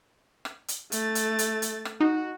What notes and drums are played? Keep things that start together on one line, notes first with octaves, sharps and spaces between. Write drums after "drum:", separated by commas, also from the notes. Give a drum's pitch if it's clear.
drum: rim click
drum: hi-hat
A3 A6, drum: hi-hat
drum: hi-hat
drum: hi-hat
drum: hi-hat
drum: rim click
D#4 F#4